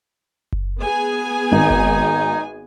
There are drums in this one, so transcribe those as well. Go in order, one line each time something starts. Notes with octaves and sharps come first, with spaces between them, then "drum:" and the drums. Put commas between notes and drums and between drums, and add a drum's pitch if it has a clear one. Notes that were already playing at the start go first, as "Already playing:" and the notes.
drum: kick F#1
B3 G#4 G#5
G#1 D#4
drum: kick F#1